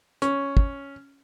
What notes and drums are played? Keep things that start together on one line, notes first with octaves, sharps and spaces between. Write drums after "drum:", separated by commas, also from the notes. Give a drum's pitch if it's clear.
C#4, drum: hi-hat
drum: kick